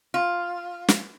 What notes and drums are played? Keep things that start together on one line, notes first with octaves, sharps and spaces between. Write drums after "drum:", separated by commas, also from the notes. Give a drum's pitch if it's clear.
F4
drum: snare